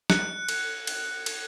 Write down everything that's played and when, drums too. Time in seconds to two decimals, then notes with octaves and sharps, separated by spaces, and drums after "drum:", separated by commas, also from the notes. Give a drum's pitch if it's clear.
0.10 F#6 C#7, drum: snare
0.48 drum: cymbal
0.87 drum: cymbal
1.26 drum: cymbal